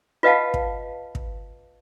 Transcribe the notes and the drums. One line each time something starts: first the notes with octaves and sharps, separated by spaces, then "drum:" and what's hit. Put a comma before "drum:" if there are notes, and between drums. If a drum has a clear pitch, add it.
F4 B4 D#5 F5 F#5 A5
drum: kick
drum: kick